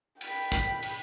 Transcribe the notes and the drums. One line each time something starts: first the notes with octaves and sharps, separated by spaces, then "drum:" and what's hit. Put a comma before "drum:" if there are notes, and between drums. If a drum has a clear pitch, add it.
G5 B5, drum: cymbal
drum: kick
drum: cymbal